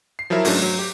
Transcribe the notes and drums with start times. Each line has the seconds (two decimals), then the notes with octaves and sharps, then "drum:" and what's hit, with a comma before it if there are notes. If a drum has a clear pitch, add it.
0.19 C7
0.30 F3 F#3 E4 A#4 E5
0.45 G#2 F#3 A3 C#4 D4, drum: open hi-hat
0.62 F#3
0.79 G4